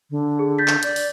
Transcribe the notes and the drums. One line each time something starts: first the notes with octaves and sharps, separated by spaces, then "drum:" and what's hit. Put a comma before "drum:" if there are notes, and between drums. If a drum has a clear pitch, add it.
D3
G#4
G6 A6 B6
drum: clap
D5, drum: hi-hat
drum: open hi-hat